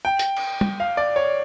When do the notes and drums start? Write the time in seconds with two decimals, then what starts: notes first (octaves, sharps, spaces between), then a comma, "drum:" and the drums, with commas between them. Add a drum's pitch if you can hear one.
0.05 G5
0.19 drum: hi-hat
0.37 drum: cymbal
0.61 drum: tom
0.80 F5
0.97 D5
1.16 C#5